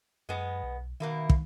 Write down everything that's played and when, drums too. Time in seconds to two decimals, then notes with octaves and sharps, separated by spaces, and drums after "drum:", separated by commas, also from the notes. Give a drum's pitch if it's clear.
0.29 F#2 G#3 B3
0.63 B1
1.00 B2 D#3 A#3 E4
1.30 drum: kick